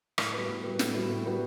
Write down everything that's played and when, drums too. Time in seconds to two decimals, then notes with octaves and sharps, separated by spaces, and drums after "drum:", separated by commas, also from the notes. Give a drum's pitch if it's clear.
0.18 A2, drum: rim click
0.33 G3 B3 F#4 B4
0.48 A2
0.64 G3 B3 F#4 B4
0.79 A2, drum: snare
0.94 G3 B3 F#4 B4
1.10 A2
1.25 G3 B3 F#4 B4